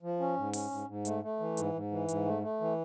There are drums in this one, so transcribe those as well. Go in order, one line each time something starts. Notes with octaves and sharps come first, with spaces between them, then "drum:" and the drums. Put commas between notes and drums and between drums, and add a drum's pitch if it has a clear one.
F3
C#4
G#2
C#4, drum: open hi-hat
G#2
G#2
A3, drum: hi-hat
A3
E3
G#2, drum: hi-hat
G#2
E3
G#2, drum: hi-hat
A3
A3
E3